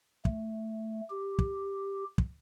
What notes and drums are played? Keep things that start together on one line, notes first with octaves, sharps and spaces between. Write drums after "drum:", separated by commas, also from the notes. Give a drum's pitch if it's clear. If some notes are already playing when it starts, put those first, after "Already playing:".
A3, drum: kick
G4
drum: kick
drum: kick